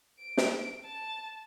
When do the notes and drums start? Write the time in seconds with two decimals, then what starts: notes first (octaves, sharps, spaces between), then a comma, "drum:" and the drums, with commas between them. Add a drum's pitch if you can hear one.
0.20 D7
0.37 drum: snare
0.84 A5